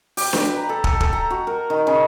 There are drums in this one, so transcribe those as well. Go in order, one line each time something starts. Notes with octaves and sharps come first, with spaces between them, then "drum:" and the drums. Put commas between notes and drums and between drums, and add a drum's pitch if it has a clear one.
G4, drum: open hi-hat
B4, drum: snare D4
B4
A#5
A4
A4, drum: kick
A4, drum: kick
A#5
F#4
A#4
D#3
C#3